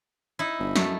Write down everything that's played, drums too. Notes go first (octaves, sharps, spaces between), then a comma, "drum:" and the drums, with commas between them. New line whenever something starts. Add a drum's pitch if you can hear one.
D#4 E4
G1
F#2 A3, drum: snare